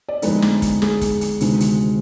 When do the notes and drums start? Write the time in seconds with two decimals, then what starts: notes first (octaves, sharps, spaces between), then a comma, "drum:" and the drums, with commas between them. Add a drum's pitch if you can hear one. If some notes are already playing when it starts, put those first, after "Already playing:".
0.09 D5
0.22 F2 D3 G#3 B3 D#4 B4, drum: hi-hat
0.42 drum: snare
0.62 drum: kick, hi-hat
0.82 G#4, drum: snare
1.01 drum: kick, hi-hat
1.21 drum: hi-hat
1.40 D2 C3 D#3 G#3 B3, drum: hi-hat
1.60 drum: hi-hat